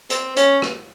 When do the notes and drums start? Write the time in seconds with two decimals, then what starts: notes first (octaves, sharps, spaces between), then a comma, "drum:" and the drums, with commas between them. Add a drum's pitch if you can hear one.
0.10 C4, drum: hi-hat
0.37 C#4, drum: hi-hat
0.62 drum: rim click